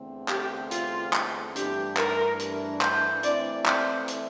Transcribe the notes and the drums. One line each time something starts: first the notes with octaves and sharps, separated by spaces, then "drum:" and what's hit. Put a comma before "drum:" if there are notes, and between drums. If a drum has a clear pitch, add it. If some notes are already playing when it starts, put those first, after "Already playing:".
Already playing: E2 D3 A3 C4
G4, drum: clap
F4, drum: hi-hat
drum: clap
G2 E3 A3 D4 G4, drum: hi-hat
A#4, drum: clap
drum: hi-hat
C5, drum: clap
E3 A3 C4 E4 D5, drum: hi-hat
C5, drum: clap
drum: hi-hat